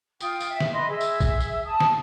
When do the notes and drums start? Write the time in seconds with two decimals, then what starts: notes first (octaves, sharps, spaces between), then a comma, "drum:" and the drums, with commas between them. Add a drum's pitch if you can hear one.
0.20 F4 G5 D#6, drum: tambourine
0.40 drum: tambourine
0.50 E5
0.60 drum: snare
0.72 B4 D#5 C6
0.88 G#4 E5 E6
1.00 drum: tambourine
1.20 drum: kick, tambourine
1.40 drum: tambourine
1.65 A5 D#6
1.80 drum: snare